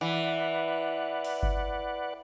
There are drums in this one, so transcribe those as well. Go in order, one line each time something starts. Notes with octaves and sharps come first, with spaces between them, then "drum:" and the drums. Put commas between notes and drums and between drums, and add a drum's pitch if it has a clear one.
E3 B4 D5 F#5
drum: open hi-hat
drum: kick G1